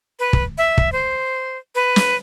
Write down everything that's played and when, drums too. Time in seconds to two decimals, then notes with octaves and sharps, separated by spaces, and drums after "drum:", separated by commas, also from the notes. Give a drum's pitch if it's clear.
0.19 B4
0.33 drum: kick
0.58 E5
0.78 drum: kick
0.92 C5
1.75 B4
1.96 drum: snare